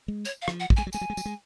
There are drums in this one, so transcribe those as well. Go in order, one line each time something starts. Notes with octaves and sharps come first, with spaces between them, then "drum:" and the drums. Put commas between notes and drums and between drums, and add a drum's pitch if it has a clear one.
G#3
C#5, drum: tambourine
F5
F3, drum: rim click
F#5
F#3, drum: kick
G#3 G#5
F#3
G#3 G#5, drum: tambourine
F#3
G#3
F#3, drum: tambourine
G#3